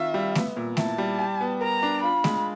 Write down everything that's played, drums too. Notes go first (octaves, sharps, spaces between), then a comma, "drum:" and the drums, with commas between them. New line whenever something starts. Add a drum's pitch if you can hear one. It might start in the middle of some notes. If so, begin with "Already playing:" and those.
Already playing: D#3 C4 F4 E5
G3
B3, drum: snare A3
A#2
E4 A5, drum: snare A3
G3
G4
B3
A#4 A#5
D4
F4 B5
G#3, drum: snare A3